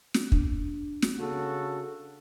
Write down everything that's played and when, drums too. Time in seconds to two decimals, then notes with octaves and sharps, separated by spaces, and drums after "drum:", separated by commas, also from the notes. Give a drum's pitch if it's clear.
0.14 drum: snare
0.32 D4, drum: kick
1.02 drum: snare
1.19 C#3 F#4 A4